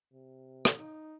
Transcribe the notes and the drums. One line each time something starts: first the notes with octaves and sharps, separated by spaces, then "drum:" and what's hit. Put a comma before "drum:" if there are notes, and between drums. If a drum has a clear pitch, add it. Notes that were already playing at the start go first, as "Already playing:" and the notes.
C3
drum: rim click
D#4